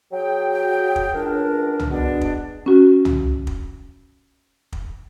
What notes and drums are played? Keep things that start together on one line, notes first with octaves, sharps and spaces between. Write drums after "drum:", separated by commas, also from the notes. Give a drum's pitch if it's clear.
F#3 G#4 G5
drum: kick
C#2 D4 A#4
drum: tom
B2 G#3 B3 D4
drum: kick
C#4 F#4
drum: tom
drum: kick
drum: kick